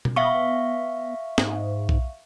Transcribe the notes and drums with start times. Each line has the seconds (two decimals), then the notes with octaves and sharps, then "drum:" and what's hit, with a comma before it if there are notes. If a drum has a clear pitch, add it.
0.05 drum: tom B2
0.16 B3 E5 F5 C#6
1.38 G#2, drum: snare
1.89 drum: kick B1